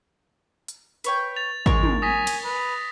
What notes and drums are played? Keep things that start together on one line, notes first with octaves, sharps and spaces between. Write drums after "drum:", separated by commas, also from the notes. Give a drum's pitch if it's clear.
drum: hi-hat
B4 C#5 G5, drum: hi-hat
A6 F7
G#3 A#4 C#5, drum: kick G#1
drum: tom
G#5 D#6 A#6 B6
drum: cymbal
B4